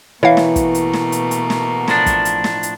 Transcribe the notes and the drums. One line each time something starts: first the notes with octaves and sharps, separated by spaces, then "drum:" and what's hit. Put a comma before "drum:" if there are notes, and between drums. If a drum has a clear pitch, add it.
B2 E3 A3 A#3 C#5 F5
drum: snare
drum: kick, hi-hat
drum: hi-hat
drum: snare
drum: hi-hat
drum: hi-hat
drum: snare
A2 F3 D4, drum: snare
drum: kick, hi-hat
drum: hi-hat
drum: snare
drum: hi-hat